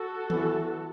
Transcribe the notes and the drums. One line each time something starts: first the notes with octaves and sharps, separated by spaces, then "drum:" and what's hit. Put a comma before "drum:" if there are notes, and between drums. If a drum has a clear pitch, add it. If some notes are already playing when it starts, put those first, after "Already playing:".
Already playing: F#4 A4
E3 B3 D4, drum: tom D#3